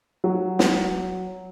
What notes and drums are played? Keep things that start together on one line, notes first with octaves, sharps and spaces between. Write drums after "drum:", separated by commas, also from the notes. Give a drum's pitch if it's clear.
F#3
drum: snare